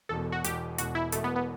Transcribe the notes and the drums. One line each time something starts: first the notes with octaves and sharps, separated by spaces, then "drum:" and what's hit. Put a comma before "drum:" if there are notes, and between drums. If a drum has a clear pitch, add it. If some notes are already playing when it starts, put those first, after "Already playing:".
E1 E2 B2 A4
F#4
E1 E2 B2 G4, drum: hi-hat
E1 E2 B2 F#4, drum: hi-hat
E4
E1 E2 B2 A3, drum: hi-hat
B3
B3